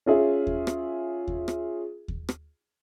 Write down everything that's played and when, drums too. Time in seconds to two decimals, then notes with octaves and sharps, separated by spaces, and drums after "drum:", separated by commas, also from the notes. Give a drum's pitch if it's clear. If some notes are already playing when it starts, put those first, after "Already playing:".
0.06 C#4 F4 G#4 E5
0.47 drum: kick D#2
0.67 drum: rim click
1.28 drum: kick D#2
1.48 drum: rim click
2.08 drum: kick D#2
2.29 drum: rim click